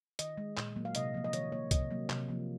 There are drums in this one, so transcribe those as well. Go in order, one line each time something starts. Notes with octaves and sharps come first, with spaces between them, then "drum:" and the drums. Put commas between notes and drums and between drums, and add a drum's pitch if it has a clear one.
D#3 D#5, drum: hi-hat
G#3
A#2, drum: clap
F#3 A#3
F5
C3 D#5, drum: hi-hat
F3 A#3
D#5
D#3 C#5, drum: hi-hat
A#3 C#5
C3 D#5, drum: kick C2, hi-hat
F#3 A#3
C3, drum: clap
F3 A#3